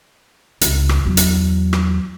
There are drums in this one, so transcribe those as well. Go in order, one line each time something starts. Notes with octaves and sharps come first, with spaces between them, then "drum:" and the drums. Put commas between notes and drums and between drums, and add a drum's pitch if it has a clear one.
C#2, drum: hi-hat
drum: rim click
E2 F#3
drum: hi-hat
drum: rim click